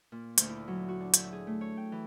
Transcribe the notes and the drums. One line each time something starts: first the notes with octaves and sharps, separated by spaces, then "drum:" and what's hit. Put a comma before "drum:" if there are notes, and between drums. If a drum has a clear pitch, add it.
A#2
D2, drum: hi-hat
E4
F#3
F#4
D4
E5, drum: hi-hat
G#4
A3
C#5
G5
E3